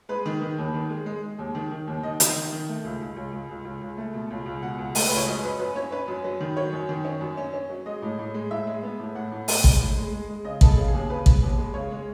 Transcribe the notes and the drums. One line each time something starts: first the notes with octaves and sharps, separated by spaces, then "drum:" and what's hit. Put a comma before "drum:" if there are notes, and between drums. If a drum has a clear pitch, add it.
G#3 B4
D#3
D#3
D#2
D#3
G#3
G#3
G#3
D#2
D#3
D#3
D#2
D#3 D#5
D#3, drum: hi-hat
D#3
D#3
A3
C#2
C#2
C#2
C#2
C#2
C#2
C#2
A3
B2
C#2
C#2
B2 F#5
C#2
A3, drum: open hi-hat
C#2 B4
C#5
F#2 D#5
F#2 B4
F#2 B4
C#4 C#5
C#4 B4
F#2
F#3
D#3
F#3 C#5
F#2
D#3
C#4
F#2
C#4
C#4
F#3
G#3 D#5
A2
A2
G#3
A2 E5
G#3
B3
A2
A2 F#5
A2
B3, drum: open hi-hat
G#3, drum: kick
A2
G#3
G#3
G#3
C#3 D#5
B3 A4, drum: kick
G#4
C#3
G#4
D#2
C#3 B4
B3, drum: kick
D#2
G#3
C#3 C#5
G#3